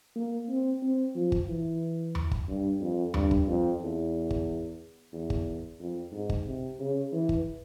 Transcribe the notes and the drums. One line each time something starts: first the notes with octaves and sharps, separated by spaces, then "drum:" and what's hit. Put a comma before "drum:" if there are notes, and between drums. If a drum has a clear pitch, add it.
A#3
C4
C4
F3
drum: kick G1
E3
drum: tom D#2
drum: kick G1
G2
F2
G2, drum: tom D#2
drum: kick G1
F2
E2
drum: kick G1
E2
drum: kick G1
F2
G#2
drum: kick G1
C3
C#3
E3
drum: kick G1